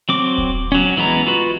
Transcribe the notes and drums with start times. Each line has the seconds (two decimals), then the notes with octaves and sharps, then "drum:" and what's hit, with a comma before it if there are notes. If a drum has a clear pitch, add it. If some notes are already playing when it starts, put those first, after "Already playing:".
0.09 F#3 C4 D6
0.38 drum: kick D#1
0.72 F#3 C#4
0.97 E3 G#3 B3 A#5
1.27 F4 F#4 B4